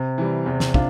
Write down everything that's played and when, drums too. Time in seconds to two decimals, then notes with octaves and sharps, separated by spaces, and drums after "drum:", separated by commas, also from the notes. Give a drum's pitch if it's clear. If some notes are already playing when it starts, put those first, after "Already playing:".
Already playing: C3
0.18 E3 G3
0.46 E2 C3
0.60 drum: snare
0.74 D4 F4, drum: kick